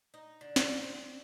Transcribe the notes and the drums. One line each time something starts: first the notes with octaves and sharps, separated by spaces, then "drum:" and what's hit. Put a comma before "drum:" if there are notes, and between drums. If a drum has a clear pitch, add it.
D#4
D3
drum: snare
C4